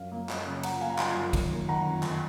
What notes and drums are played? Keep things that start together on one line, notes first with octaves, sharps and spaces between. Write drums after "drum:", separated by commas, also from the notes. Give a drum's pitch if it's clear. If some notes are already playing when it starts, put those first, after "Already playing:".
Already playing: F#2 F5
A#3
F#2, drum: clap
C#3
F3 F#5 A#5, drum: cymbal
A#3 F5 G#5
F#5 A#5
F3 G#5 C6, drum: clap
F#2
D#3, drum: kick, cymbal
A#3
D#3 F#5 A#5
F2
D#3, drum: clap